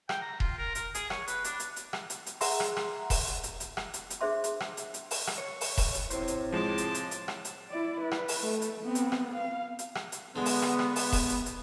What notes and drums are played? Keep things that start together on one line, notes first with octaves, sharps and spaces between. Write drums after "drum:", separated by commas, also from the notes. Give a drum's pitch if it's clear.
G5, drum: rim click
A#5
F4, drum: kick E1
A#4
A#4, drum: hi-hat
G#4, drum: hi-hat
C#5, drum: rim click
B4, drum: hi-hat
D4, drum: hi-hat
drum: hi-hat
drum: hi-hat
drum: rim click
drum: hi-hat
drum: hi-hat
G#4 E5 F#5 A#5 C6, drum: open hi-hat
drum: rim click
drum: rim click
drum: kick E1, open hi-hat
drum: hi-hat
drum: hi-hat
drum: hi-hat
drum: rim click
drum: hi-hat
drum: hi-hat
D4 G#4 C5 E5 C6
drum: hi-hat
drum: rim click
drum: hi-hat
drum: hi-hat
drum: open hi-hat
drum: rim click
C#5
drum: open hi-hat
drum: kick E1, open hi-hat
drum: hi-hat
A2 C3 C5, drum: hi-hat
drum: hi-hat
F3 G#3 A5 C6 D6
drum: hi-hat
drum: hi-hat
drum: hi-hat
drum: rim click
drum: hi-hat
E4 D5
B4
drum: rim click
drum: open hi-hat
A3
drum: hi-hat
B3 C4
drum: hi-hat
drum: rim click
F5
drum: hi-hat
drum: rim click
drum: hi-hat
D3 G#3 B3
drum: open hi-hat
drum: rim click
drum: rim click
drum: open hi-hat
drum: kick E1, open hi-hat
drum: hi-hat
drum: hi-hat